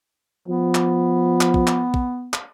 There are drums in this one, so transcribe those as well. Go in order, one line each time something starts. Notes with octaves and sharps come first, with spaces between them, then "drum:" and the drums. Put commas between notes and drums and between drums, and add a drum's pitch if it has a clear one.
F3 B3
drum: clap
drum: clap
drum: kick
drum: clap
drum: kick
drum: clap